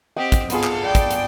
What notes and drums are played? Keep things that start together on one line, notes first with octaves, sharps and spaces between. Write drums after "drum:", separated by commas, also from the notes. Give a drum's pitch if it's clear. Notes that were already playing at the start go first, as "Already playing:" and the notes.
C4 G4 D#5 F#5 G5
drum: kick, hi-hat
B3 F4 G#4 A4 F5, drum: hi-hat
drum: clap
D5 G5
drum: kick, hi-hat
drum: hi-hat